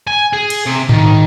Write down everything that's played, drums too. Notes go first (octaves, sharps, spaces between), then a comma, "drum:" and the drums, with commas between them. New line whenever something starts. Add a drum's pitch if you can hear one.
G#5
G#4
drum: cymbal
C3
D#3, drum: tom G#2